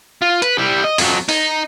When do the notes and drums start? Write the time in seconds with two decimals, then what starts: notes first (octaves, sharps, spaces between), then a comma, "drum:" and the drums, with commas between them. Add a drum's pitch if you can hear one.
0.22 F4
0.42 B4, drum: hi-hat
0.58 G3 E4
0.84 D#5
0.98 F2 F#3, drum: open hi-hat
1.29 D#4, drum: open hi-hat